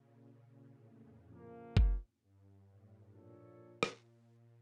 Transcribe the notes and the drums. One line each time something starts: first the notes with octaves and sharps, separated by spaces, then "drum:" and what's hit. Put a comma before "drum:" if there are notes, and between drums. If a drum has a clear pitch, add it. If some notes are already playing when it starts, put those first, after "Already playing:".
Already playing: A#2 C#3
A#2
A2
F2
C#3 F3 A#3
drum: kick F#1
G2
A2
A#2 F3 A#3 D4 A4 C#5
drum: rim click
A#2